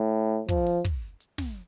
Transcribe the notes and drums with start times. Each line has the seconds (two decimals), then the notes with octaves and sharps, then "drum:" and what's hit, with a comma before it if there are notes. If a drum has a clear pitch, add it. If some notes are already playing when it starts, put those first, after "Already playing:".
Already playing: A2
0.49 F3, drum: kick, hi-hat
0.67 drum: open hi-hat
0.85 drum: kick, hi-hat
1.20 drum: hi-hat
1.38 drum: snare